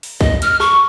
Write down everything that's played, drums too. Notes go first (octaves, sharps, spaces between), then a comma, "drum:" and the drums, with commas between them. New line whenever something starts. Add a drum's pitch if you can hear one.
drum: open hi-hat
D#5, drum: kick
F6, drum: hi-hat
C#6, drum: rim click